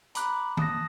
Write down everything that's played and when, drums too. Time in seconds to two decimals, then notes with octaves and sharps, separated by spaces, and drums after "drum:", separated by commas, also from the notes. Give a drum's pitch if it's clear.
0.15 A#5 B5 D6 F#6, drum: hi-hat
0.57 A5 D#6 F#6 A#6, drum: tom